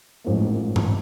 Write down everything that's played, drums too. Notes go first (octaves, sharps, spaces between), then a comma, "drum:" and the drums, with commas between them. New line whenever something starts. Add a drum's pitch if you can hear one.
A1 G#2 F3 A#3
drum: tom G2